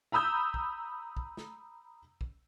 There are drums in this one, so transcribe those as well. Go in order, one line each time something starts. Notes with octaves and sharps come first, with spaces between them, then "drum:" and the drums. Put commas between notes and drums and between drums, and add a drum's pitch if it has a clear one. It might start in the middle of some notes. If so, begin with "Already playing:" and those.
A#5 B5 D#6 E6 G6
drum: kick
drum: kick
drum: snare
drum: kick